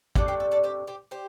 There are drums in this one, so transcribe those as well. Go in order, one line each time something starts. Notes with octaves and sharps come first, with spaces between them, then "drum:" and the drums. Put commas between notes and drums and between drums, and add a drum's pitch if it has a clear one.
C3 A3 D4 A4 D5, drum: kick G#1
G4 C5
A4
A4 D5
G4 C5
G4 C5
G4 C5